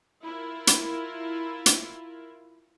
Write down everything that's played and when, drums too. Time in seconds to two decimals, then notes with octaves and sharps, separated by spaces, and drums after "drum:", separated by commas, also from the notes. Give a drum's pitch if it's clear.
0.23 E4 F4 A#4
0.67 drum: hi-hat
1.66 drum: hi-hat